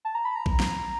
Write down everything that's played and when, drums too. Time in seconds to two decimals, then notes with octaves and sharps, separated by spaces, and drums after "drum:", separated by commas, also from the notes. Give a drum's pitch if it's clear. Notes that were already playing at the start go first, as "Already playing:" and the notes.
0.05 A5
0.15 A#5
0.25 B5
0.36 A#5
0.46 drum: kick A#1
0.60 drum: snare